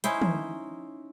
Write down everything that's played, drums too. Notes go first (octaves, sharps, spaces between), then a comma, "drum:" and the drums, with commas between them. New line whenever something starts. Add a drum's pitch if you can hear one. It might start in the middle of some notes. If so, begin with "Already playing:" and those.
C#4 D#4 E4 C5, drum: hi-hat
drum: tom